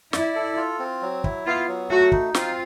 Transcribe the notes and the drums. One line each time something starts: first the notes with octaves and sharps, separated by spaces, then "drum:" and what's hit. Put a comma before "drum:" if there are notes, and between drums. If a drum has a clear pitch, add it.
E4 D5, drum: snare
A4
F4
C4
F#3
E4, drum: kick
B3 F4
F#3
A3 F#4
D#4, drum: kick
C4 F4, drum: snare